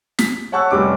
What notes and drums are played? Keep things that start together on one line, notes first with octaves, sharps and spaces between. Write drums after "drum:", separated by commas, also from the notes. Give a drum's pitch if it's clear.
B6, drum: snare
C#5 F#5 A5 C#6 E6 F#6
F1 G3 C#4 D6